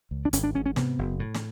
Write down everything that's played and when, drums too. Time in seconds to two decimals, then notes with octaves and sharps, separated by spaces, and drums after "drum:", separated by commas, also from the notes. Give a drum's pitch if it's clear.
0.11 C#2
0.25 D4
0.33 G#1 C#4, drum: hi-hat
0.44 D4
0.55 G#2 C#4
0.66 C#4
0.76 C3 B3, drum: snare
0.99 F#1
1.20 A2
1.34 drum: snare